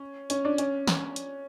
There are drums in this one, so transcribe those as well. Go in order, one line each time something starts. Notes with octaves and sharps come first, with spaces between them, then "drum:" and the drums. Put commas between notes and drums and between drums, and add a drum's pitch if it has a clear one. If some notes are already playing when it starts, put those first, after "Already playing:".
Already playing: C#4
C#4, drum: hi-hat
D4
C#4, drum: hi-hat
drum: snare
drum: hi-hat